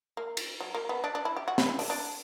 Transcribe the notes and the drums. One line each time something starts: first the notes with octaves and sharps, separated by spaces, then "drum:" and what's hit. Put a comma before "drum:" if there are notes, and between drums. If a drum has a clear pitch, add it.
A#3
drum: cymbal
F#3
A#3
B3
D4
D4
E4
G4
F#4
E4, drum: snare
E4
D4, drum: open hi-hat
D4